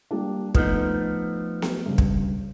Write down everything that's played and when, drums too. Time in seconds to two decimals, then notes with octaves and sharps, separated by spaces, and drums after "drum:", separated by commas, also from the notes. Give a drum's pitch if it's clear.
0.11 G3 A#3 D4
0.55 F3 A3 B3 D#4, drum: kick
1.62 drum: snare B3
1.86 G2 C#3
1.98 drum: kick